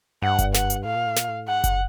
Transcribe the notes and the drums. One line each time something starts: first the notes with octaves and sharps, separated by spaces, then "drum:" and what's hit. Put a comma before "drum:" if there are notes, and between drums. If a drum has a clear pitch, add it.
G2 F#5
drum: kick F#1, hi-hat
F#5, drum: snare
drum: hi-hat
A2 F5
A#2
A2
A#2, drum: snare
A2
G#2 F#5
drum: kick F#1, hi-hat